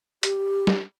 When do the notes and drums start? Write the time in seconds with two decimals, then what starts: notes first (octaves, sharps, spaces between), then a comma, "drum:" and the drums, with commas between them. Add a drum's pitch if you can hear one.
0.23 G4, drum: hi-hat
0.67 drum: snare